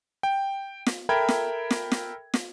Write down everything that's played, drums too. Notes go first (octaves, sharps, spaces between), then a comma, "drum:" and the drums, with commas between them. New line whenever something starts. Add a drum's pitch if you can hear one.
G5
drum: snare
A4 A#4 E5 G5 B5 G#6
drum: snare
drum: snare
drum: snare
drum: snare